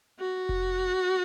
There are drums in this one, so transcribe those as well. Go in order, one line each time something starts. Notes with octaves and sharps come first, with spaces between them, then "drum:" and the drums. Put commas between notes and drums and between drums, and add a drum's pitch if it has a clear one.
F#4
drum: kick F1